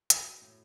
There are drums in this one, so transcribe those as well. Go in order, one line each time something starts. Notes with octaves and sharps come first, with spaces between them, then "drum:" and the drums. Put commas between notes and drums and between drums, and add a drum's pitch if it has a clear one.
F#3, drum: hi-hat
A2